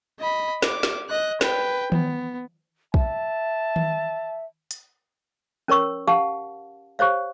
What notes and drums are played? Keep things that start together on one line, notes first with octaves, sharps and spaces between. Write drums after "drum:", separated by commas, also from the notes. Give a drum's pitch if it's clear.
D#5 B5
D6, drum: snare
drum: snare
D#5 F#6
B4 G5, drum: snare
B3, drum: tom D#3
E5 A5, drum: kick
drum: tom D#3
drum: hi-hat
C#4 A#4 C#5 C#6 E6
G4 F5 F#5 A5
G4 C5 C#5 F5